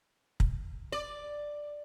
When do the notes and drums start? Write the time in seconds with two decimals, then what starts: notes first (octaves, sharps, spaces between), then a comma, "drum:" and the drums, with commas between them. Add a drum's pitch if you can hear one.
0.40 drum: kick
0.92 D5